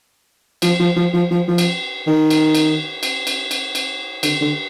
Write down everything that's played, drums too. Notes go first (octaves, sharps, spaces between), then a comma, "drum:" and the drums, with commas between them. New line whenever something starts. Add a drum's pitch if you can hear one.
F3, drum: cymbal
F3
F3
F3
F3
F3
drum: cymbal
D#3
drum: cymbal
drum: cymbal
drum: cymbal
drum: cymbal
drum: cymbal
drum: cymbal
D3, drum: cymbal
D3